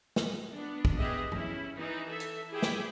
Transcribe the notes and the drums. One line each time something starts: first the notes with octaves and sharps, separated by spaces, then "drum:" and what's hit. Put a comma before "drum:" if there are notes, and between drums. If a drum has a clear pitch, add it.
drum: snare
B3 D4
drum: kick
B3 G4 G#4 B4 D#5 E5
C#4 E4, drum: tom
E3 D#4
A4 E5
drum: hi-hat
E4 G4 G#4 E5 G5
drum: snare